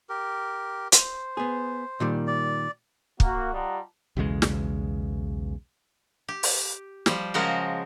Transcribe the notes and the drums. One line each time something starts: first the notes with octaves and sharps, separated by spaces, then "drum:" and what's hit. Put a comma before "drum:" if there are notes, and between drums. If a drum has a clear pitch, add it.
G4 A#4
C5, drum: hi-hat
B3 G#4
A#2 D#3 G3
D5
A#3 F#4, drum: kick
G3 F4 D#5 F#5 A5 A#5
B1 E2 C#3 G#3
drum: snare
G4
drum: open hi-hat
F3 G3 C5, drum: snare
C#3 F3 G#3 F#4 A#4 C5